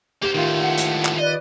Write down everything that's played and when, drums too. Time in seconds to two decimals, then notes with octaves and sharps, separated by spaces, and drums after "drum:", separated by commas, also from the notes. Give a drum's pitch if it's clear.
0.23 A#3 G4 C5
0.35 C#2 A2 D#3 F4
0.59 F#5
0.78 drum: hi-hat
1.05 drum: clap
1.19 B4 D5 D#5